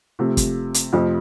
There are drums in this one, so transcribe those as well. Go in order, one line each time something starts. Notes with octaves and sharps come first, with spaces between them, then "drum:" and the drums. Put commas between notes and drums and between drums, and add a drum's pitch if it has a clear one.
C3 F3 A3
drum: kick, hi-hat
drum: hi-hat
F2 C3 F3 A3